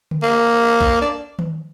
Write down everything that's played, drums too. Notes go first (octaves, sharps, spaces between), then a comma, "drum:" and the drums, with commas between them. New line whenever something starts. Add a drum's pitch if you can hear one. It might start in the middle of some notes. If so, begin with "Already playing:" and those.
drum: tom D3
A#3
drum: kick A#1
D4
drum: tom D#3